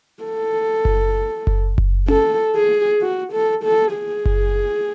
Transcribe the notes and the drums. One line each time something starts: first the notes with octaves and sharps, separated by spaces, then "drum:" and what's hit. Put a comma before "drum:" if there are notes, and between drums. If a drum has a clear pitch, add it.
A4
drum: kick F#1
drum: kick F#1
drum: kick F#1
A4, drum: tom C#4
G#4
F#4
A4
A4
G#4
drum: kick F#1